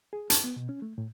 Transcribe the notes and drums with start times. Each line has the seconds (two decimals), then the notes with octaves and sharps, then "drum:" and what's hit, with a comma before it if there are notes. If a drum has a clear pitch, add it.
0.13 G#4
0.30 A5, drum: hi-hat
0.44 B3
0.56 B2
0.69 C#4
0.82 A3
0.98 A2